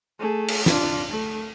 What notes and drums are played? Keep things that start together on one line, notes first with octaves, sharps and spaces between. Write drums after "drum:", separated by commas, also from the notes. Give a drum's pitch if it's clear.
A3 G#4
drum: cymbal
D4 F4, drum: snare
A3